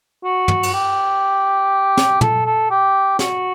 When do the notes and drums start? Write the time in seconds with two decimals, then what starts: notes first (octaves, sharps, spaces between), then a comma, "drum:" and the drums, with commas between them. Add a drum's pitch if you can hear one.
0.24 F#4
0.48 drum: tom
0.63 drum: cymbal
0.73 G4
1.97 drum: snare
2.21 A4, drum: tom
2.45 A4
2.70 G4
3.19 F#4, drum: snare